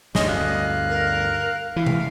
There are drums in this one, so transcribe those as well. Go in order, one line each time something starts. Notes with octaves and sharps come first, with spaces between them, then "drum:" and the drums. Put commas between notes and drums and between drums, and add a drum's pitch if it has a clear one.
D2 G2 G#3 C#4 D#5, drum: snare
D#5 F5 F#6
A#4
E3 F5
drum: tom C3